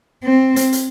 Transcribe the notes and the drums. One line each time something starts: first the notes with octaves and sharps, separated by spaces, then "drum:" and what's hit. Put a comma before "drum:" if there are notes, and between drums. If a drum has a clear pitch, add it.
C4
drum: hi-hat
drum: hi-hat